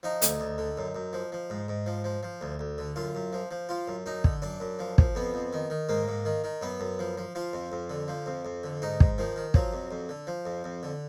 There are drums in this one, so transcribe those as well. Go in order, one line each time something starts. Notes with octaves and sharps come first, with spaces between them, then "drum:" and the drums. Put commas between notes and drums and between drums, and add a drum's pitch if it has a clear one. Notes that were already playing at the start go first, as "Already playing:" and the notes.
F3 D#4
D2, drum: hi-hat
D2
D3
F#2
F#2
F3
F3
G#2
G#2
F3
F3
F3
D2
D2
D3
F#2 F4
F#2
F3
F3
F3 F4
F#2
F#2 D#4
D3, drum: kick
F#2 D4
F#2
F3
F3, drum: kick
F2 B3
F2
D#3
D#3
G#2 A#3
G#2
D#3
D#3
F#2 B3
F#2
F3
F3
F3 F4
F2
F2
D3
F3
F2
F2
D3
G#2 D#4
G#2, drum: kick
D#3 F3
D#3
F3 F#3, drum: kick
F2
F2
D3
F3
F2
F2
D3